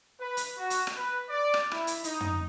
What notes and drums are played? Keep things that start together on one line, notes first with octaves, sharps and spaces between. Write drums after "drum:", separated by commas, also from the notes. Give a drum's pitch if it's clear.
B4
drum: hi-hat
F#4
drum: hi-hat
drum: rim click
B4
D5
drum: rim click
E4, drum: rim click
drum: hi-hat
D#4, drum: hi-hat
drum: tom